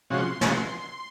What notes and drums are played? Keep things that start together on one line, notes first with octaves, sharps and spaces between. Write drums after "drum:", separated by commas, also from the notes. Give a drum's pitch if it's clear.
C3 F3 G#3 C#4 F#4 C6
C3 F3 G#3 C#4 F#4, drum: snare